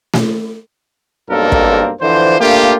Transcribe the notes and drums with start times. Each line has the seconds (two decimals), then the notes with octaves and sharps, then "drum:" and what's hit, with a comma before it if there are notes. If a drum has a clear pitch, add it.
0.14 drum: snare A3
1.29 B1 G2 A#3 C4 A4 A#4
1.52 drum: kick
2.01 D3 E3 F3 C5
2.40 A3 A#3 D4 F4 G4